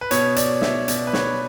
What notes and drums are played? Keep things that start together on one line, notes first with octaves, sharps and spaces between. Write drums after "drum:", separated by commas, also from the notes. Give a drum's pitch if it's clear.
B4
B2 C#5, drum: hi-hat
D5, drum: hi-hat
E5, drum: snare
B2 D5, drum: hi-hat
B4
C#5, drum: snare